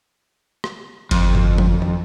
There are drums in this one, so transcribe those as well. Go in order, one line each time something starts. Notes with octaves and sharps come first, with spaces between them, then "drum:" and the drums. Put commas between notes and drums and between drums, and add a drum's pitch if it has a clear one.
drum: rim click
G1 F2, drum: cymbal
drum: tom G2
drum: tom F3
drum: tom